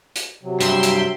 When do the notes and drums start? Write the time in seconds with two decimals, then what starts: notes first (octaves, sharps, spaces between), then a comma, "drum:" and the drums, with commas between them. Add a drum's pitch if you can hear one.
0.15 drum: hi-hat
0.43 C3 F#3
0.60 G2 E5 G5 C6, drum: hi-hat
0.83 drum: hi-hat